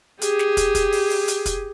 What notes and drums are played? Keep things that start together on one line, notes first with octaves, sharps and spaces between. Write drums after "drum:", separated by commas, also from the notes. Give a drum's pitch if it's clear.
G4 G#4, drum: hi-hat
drum: snare
drum: kick, hi-hat
drum: kick, hi-hat
drum: open hi-hat
drum: open hi-hat
drum: hi-hat
drum: kick, hi-hat